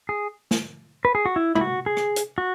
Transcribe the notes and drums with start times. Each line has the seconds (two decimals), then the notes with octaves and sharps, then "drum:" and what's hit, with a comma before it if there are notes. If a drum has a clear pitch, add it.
0.09 G#4
0.51 drum: snare
1.05 B4
1.15 G#4
1.26 F#4
1.36 E4
1.55 E4, drum: tom
1.61 F#4
1.86 G#4
1.97 drum: rim click
2.16 drum: hi-hat
2.38 F#4